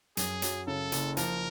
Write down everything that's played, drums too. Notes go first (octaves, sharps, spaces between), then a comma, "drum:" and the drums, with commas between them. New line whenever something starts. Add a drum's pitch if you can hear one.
F#2 G#4, drum: hi-hat
F#3, drum: hi-hat
C#3 A4
F#1, drum: hi-hat
F3 A#4, drum: hi-hat